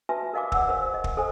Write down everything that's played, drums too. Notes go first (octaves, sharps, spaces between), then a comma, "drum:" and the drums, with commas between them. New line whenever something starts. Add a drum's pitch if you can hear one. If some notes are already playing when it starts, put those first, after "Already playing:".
F#4 B4 E5 G#5 A5
A#4 D#5 F5 G#5 D6
D5 F#5 E6, drum: kick
A#4 C5 F5 E6
D#5
drum: kick
A4 C5 G#5